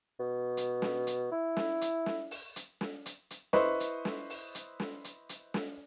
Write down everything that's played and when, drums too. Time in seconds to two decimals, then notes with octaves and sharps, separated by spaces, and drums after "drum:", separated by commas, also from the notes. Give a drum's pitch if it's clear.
0.20 B2
0.57 drum: hi-hat
0.82 drum: snare
1.07 drum: hi-hat
1.32 E4
1.57 drum: snare
1.81 drum: hi-hat
2.06 drum: snare
2.31 drum: open hi-hat
2.56 drum: hi-hat
2.81 drum: snare
3.06 drum: hi-hat
3.31 drum: hi-hat
3.53 E4 B4 C5 D#5 C#6, drum: snare
3.80 drum: hi-hat
4.05 drum: snare
4.30 drum: open hi-hat
4.55 drum: hi-hat
4.80 drum: snare
5.04 drum: hi-hat
5.29 drum: hi-hat
5.54 drum: snare